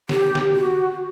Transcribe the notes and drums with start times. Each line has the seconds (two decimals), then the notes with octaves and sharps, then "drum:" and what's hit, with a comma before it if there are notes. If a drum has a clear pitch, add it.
0.09 G4, drum: snare
0.35 drum: snare
0.55 F#4